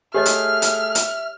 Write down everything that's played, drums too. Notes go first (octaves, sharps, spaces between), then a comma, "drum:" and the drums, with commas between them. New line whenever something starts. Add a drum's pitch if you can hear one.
A3 G4 G#4 C#5 D#5 E5 F6
drum: hi-hat
drum: hi-hat
drum: hi-hat